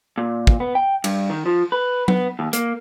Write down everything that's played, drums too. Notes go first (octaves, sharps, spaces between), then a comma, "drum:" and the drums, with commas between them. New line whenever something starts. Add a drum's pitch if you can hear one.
A#2
drum: kick
B3
G5
G2, drum: cymbal
D#3
F3
B4
B3, drum: tom F#3
D#2
A#3, drum: hi-hat